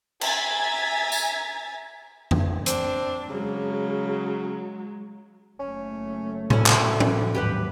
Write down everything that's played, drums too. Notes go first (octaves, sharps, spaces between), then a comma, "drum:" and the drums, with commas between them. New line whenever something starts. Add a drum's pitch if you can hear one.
E5 G#5 A#5 G#6 A6 B6, drum: cymbal
drum: tambourine
drum: tom F2
C4 D4, drum: hi-hat
C#3 F#3 G#3
F#1 A3 C#4
D2 C#4 E4, drum: tom A2
drum: clap
drum: tom
D#2 G#2 F#3 G4 B4 F#5